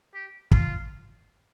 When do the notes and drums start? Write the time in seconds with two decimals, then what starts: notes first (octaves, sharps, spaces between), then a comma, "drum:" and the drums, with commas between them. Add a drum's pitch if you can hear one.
0.14 G4
0.51 F4, drum: kick